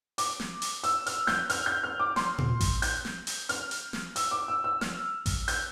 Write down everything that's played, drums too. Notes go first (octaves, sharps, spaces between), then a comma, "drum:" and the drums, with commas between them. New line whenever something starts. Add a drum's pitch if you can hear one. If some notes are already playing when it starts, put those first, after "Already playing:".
D6, drum: open hi-hat
drum: snare
drum: open hi-hat
E6, drum: hi-hat
F6, drum: hi-hat
G6, drum: snare
F6, drum: open hi-hat
G6
F6
D6
C6, drum: snare
drum: tom
drum: kick A1, open hi-hat
G6, drum: open hi-hat
drum: snare
drum: open hi-hat
F6, drum: hi-hat
drum: hi-hat
drum: snare
E6, drum: open hi-hat
D6
E6
E6
F6, drum: snare
drum: kick A1, open hi-hat
G6, drum: open hi-hat